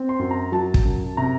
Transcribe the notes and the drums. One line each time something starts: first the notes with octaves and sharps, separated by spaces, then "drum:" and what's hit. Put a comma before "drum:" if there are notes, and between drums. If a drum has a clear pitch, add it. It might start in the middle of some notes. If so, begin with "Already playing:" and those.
Already playing: C4
C6
F#2
A#5
F#3 A5
drum: kick
F#2
C3 A#5